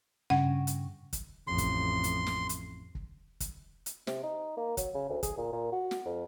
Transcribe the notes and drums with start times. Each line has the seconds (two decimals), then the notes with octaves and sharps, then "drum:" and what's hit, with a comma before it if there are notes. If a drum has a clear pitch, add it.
0.30 G2 C#3 F#5
0.67 drum: hi-hat
1.13 drum: kick, hi-hat
1.47 A1 F2 C6
1.58 drum: kick, hi-hat
2.04 drum: hi-hat
2.26 drum: snare
2.49 drum: hi-hat
2.95 drum: kick
3.40 drum: kick, hi-hat
3.86 drum: hi-hat
4.07 C3, drum: snare
4.23 D#4
4.57 A#3
4.77 F#3, drum: kick, hi-hat
4.94 C#3
5.10 D2
5.23 G#4, drum: kick, hi-hat
5.37 A#2
5.52 A#2
5.72 F#4
5.91 drum: snare
6.06 F2